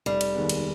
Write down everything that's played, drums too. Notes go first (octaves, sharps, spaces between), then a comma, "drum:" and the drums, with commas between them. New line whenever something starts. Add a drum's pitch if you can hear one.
F1 G3
drum: cymbal
D#2 D#3 G#3 B3
drum: cymbal